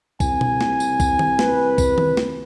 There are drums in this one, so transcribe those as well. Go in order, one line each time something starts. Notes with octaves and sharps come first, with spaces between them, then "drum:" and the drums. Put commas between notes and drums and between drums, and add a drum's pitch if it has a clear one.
C2 G#5, drum: kick, tambourine
drum: tom B2
drum: snare
drum: tambourine
drum: kick, tambourine
drum: tom
B4, drum: snare
drum: kick, tambourine
drum: tom D#3
drum: snare